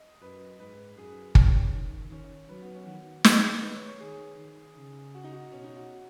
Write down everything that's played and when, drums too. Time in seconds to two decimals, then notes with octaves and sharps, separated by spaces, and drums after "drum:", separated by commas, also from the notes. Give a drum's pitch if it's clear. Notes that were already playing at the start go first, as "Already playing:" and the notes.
Already playing: D#5
0.22 F#2 B4
0.60 G#2 B4
0.97 F#2 G#4
1.35 G#2 C#4, drum: kick
1.73 D#3
2.11 D#3 C#4
2.49 F#3 B4
2.62 B3
2.75 C#4
2.86 D#3 F#4
3.24 G#4, drum: snare
3.63 B4
3.75 C#5
3.88 C#5
4.00 D#3 G#4
4.38 D#3
4.77 C#3
5.15 F#4
5.24 D#4
5.33 F#4
5.52 B2 C#4
5.64 D#4
5.77 F#4